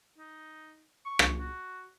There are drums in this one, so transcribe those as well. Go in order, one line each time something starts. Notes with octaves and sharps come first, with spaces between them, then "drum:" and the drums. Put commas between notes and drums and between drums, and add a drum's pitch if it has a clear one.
D#4
C#6
drum: rim click
F#4